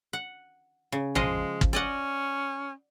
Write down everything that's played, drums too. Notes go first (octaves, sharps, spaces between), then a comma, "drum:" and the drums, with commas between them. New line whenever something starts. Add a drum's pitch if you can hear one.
F#5
C#3
F3 G#3 D#5 F5, drum: tom
drum: kick
C#4 D5 D#5 F#5